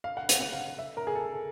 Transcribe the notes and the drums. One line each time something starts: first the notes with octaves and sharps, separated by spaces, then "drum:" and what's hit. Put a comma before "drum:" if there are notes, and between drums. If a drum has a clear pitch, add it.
F5
F#5
F5, drum: hi-hat
F#5
F5
E5
A#4
G#4
A4